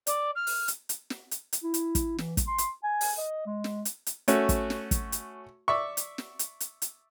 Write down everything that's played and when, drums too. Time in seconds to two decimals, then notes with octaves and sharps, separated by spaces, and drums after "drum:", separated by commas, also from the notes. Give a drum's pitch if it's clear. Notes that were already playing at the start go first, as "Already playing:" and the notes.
0.07 D5, drum: hi-hat
0.35 F6
0.47 drum: open hi-hat
0.68 drum: hi-hat
0.89 drum: hi-hat
1.10 drum: snare
1.31 drum: hi-hat
1.53 drum: hi-hat
1.64 E4
1.74 drum: hi-hat
1.95 drum: kick, hi-hat
2.18 E3, drum: snare
2.37 drum: kick, hi-hat
2.48 C6
2.58 drum: hi-hat
2.84 G#5
3.01 drum: open hi-hat
3.18 D#5
3.46 G#3
3.64 drum: snare
3.85 drum: hi-hat
4.07 drum: hi-hat
4.28 A3 C#4 F#4, drum: hi-hat
4.49 drum: kick, hi-hat
4.70 drum: snare
4.91 drum: kick, hi-hat
5.12 drum: hi-hat
5.68 D5 E5 C#6
5.97 drum: hi-hat
6.18 drum: snare
6.39 drum: hi-hat
6.60 drum: hi-hat
6.82 drum: hi-hat